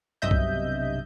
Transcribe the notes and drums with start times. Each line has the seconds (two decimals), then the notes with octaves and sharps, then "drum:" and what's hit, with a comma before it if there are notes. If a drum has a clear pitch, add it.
0.22 B1 G2 C3 D#5 E5 G6
0.31 drum: kick